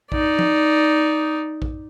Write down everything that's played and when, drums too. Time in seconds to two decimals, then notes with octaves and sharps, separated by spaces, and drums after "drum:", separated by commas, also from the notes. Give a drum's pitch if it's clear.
0.12 D#4 D5, drum: kick A#1
0.39 drum: tom F3
1.62 drum: kick A#1